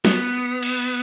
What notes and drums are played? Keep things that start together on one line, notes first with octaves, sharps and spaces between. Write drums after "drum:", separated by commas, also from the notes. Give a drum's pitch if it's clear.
B3, drum: snare
drum: cymbal